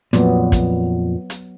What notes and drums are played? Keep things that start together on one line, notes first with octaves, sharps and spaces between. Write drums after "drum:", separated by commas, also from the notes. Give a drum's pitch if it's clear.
F2 A#2 F#3 B3, drum: hi-hat
drum: kick, hi-hat
drum: hi-hat